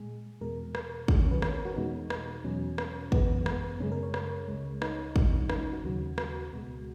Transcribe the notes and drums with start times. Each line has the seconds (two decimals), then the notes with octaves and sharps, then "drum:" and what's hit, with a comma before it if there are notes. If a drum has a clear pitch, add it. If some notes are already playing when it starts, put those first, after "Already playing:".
Already playing: A#2 G#3 G#4
0.41 E2 B2 G#3 A#4
0.75 drum: rim click
1.08 E2 D#3 F#3 G#4, drum: kick
1.20 C#4
1.31 B4
1.42 C#5, drum: rim click
1.54 A#4
1.65 F#4
1.76 E2 B2 G#3 D#4
2.10 drum: rim click
2.44 E2 B2 F#3 C#4
2.78 drum: rim click
3.12 F#2 E3 G#3 B3, drum: kick
3.46 drum: rim click
3.80 F#2 C#3 G#3 C#4
3.92 A#4
4.03 C#5
4.14 drum: rim click
4.48 C#2 C#3 G#3
4.82 D#4, drum: rim click
5.16 E2 B2 G#3, drum: kick
5.50 C#4, drum: rim click
5.61 D#4
5.72 F#4
5.84 D#2 C#3 F#3
6.18 F#4, drum: rim click
6.51 C#2 B2 G#3